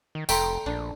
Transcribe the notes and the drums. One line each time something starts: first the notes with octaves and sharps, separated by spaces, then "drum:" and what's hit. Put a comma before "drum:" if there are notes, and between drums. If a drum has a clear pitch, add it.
D#3
F1 A3 D5 E5 G5 A#5 C6, drum: tambourine
A#1 D4